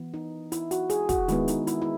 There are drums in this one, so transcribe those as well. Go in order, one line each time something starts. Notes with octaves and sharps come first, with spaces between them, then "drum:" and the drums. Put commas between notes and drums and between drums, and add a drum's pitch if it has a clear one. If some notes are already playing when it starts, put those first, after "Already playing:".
Already playing: E3 B3
D#4
E4, drum: hi-hat
F#4, drum: hi-hat
G#4, drum: hi-hat
F#4, drum: kick, hi-hat
D#3 G#3 B3 E4, drum: hi-hat
D#4, drum: hi-hat
E4, drum: hi-hat
E4